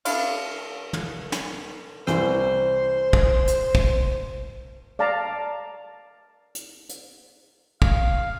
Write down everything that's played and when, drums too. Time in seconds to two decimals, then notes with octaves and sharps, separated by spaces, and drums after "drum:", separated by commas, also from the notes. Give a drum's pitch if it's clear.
0.05 D4 E4 A4 F5, drum: cymbal
0.93 drum: tom
1.32 drum: snare
2.07 C2 E3 C5, drum: rim click
3.13 drum: kick
3.47 drum: hi-hat
3.75 drum: kick
4.99 D5 F5 A5 A#5
6.55 drum: hi-hat
6.89 drum: hi-hat
7.82 F5, drum: kick